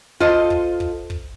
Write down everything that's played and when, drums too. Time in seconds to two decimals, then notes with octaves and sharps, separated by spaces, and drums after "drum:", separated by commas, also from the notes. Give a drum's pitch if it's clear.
0.20 F4 A4 C5 D#5, drum: kick
0.50 drum: kick
0.80 drum: kick
1.10 drum: kick